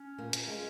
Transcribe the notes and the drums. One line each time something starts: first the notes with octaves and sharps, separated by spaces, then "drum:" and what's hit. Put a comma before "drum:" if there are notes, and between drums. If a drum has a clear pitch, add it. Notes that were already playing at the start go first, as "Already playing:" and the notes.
Already playing: C#4
A#2 A#3
drum: hi-hat
G#3